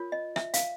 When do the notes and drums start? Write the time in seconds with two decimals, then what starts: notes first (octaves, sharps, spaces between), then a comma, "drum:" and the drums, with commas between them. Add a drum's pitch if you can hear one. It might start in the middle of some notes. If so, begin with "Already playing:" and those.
Already playing: F4 A#4 C#5
0.12 D#5
0.36 E5, drum: rim click
0.54 F5, drum: hi-hat